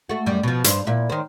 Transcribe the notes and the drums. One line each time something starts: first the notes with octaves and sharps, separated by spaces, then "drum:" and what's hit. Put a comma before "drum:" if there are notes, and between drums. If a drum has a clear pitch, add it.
A3 F#4
F#2 G3
B2 F3
G2 C5, drum: hi-hat
A#2 E4
D#3 C5